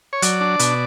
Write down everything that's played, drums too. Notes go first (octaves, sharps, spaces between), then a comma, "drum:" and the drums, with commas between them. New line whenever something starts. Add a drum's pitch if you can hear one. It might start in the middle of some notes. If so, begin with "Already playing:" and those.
C#5
F#3 D5, drum: hi-hat
D4
B2, drum: hi-hat